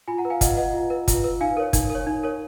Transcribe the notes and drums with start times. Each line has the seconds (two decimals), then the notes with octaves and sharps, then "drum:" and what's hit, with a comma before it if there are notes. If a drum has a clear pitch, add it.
0.08 F4 G#5 B5
0.18 F#5 A#5
0.25 B4
0.30 F5 G#5
0.41 F4 D#5 F#5, drum: kick, hi-hat
0.57 B4 D#5 F#5
0.74 F4
0.90 B4
1.08 F4, drum: kick, hi-hat
1.24 B4
1.41 D#4 F5 G#5
1.57 A#4 C#5
1.73 D#4, drum: kick, hi-hat
1.90 A#4
1.95 C#5
2.07 D#4
2.23 A#4 C#5